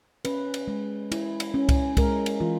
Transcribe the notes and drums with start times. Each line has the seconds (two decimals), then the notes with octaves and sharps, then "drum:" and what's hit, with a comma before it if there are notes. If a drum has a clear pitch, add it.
0.25 C#4 B4, drum: cymbal
0.54 drum: cymbal
0.68 G#3
1.12 E4, drum: cymbal
1.40 drum: cymbal
1.54 C#4
1.69 drum: kick C2, cymbal
1.97 G#3 A#4, drum: kick C2, cymbal
2.26 drum: cymbal
2.40 E3 F4